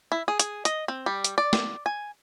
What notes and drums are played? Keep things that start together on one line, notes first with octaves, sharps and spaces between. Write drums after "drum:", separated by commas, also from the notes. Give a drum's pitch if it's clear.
E4
G#4
G#4, drum: hi-hat
D#5, drum: hi-hat
C4
G3
drum: hi-hat
D5
drum: snare
G#5